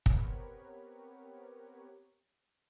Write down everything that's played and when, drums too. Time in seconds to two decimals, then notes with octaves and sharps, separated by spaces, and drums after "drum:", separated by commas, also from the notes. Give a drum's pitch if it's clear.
0.06 B3 C4 G4 A#4 B4 C#5, drum: kick